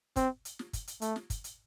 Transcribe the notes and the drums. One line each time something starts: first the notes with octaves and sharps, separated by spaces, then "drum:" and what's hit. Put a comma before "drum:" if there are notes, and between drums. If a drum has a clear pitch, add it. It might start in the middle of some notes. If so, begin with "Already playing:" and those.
C4, drum: kick, hi-hat
drum: hi-hat
drum: snare
drum: kick, hi-hat
drum: hi-hat
A3, drum: hi-hat
drum: snare
drum: kick, hi-hat
drum: hi-hat